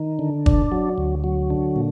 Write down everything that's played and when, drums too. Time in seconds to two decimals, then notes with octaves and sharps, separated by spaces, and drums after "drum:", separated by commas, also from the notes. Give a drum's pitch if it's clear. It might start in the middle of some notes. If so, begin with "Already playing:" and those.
Already playing: D#3
0.19 D3
0.46 D4, drum: kick
0.72 F#3
0.98 D2
1.24 F#3
1.50 D3
1.76 A#2